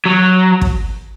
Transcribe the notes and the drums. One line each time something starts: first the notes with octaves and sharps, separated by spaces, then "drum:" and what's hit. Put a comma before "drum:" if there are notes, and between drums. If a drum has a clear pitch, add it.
F#3
drum: kick